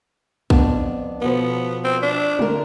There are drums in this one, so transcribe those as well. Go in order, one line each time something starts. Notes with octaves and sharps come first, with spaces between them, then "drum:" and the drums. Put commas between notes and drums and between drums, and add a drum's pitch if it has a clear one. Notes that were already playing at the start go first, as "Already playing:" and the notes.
F2 B3 D4, drum: kick
B2 F3 B3
C4
D4
D3 A#4, drum: tom G3